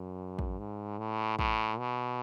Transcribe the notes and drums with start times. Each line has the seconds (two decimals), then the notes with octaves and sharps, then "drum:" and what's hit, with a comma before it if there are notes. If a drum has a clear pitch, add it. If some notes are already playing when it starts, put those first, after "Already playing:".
Already playing: F#2
0.39 drum: kick
0.59 G#2
0.99 A2
1.39 A2, drum: kick
1.79 B2